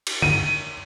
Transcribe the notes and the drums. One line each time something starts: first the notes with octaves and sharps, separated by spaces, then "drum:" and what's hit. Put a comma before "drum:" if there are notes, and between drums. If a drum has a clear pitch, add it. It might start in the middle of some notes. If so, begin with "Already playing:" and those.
drum: cymbal
D#7, drum: tom D3